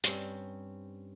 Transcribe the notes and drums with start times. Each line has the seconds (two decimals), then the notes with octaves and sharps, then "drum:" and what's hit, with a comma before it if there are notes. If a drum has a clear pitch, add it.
0.04 G2 C4 C#4, drum: hi-hat